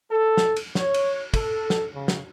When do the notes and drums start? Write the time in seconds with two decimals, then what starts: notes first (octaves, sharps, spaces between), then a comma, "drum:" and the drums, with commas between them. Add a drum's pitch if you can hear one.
0.11 A4
0.37 drum: snare
0.56 drum: cymbal
0.75 C#5, drum: snare
0.94 drum: cymbal
1.34 A4, drum: kick, cymbal
1.70 drum: snare
1.94 C#3
2.08 drum: snare